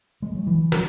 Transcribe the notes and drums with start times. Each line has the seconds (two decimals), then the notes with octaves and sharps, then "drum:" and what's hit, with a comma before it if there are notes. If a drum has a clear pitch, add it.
0.22 G#3
0.35 F#3
0.47 E3
0.72 F#3, drum: snare